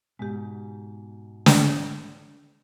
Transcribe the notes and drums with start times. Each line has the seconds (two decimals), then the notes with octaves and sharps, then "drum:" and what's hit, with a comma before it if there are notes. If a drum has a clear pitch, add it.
0.19 G#2 B2 G#3 G4
1.46 drum: snare